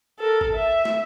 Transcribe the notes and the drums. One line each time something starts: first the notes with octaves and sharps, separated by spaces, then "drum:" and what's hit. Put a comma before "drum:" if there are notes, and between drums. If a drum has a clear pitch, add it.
A4 A#4
drum: kick G#1
E5
drum: snare